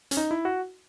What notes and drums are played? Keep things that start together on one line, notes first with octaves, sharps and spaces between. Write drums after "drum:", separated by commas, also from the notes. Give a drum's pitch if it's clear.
C#4, drum: hi-hat
D#4
E4
F#4